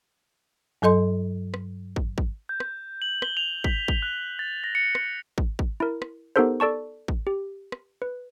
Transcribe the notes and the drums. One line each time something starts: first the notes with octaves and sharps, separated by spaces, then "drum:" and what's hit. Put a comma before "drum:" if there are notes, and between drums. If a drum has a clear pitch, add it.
G2 F#3 A4 D#5 C6
drum: rim click
drum: kick
drum: kick
G6
drum: rim click
F#7
G7, drum: rim click
F7
B6, drum: kick
drum: kick
F#6
A6
A#6
C#7
drum: rim click
drum: kick
drum: kick
E4 A#4
drum: rim click
B3 D#4 G4 A4 A#4 C5
A4 D5 A5 C#6
drum: kick
G4
drum: rim click
B4